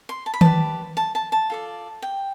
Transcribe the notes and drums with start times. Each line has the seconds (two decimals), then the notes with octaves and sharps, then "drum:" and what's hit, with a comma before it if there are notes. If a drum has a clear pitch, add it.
0.09 C6
0.26 A5
0.34 B5
0.41 G4 B4 D5 A5, drum: tom D#3
0.97 A5
1.15 A5
1.32 A5
1.50 F4 A4 D5
2.02 G5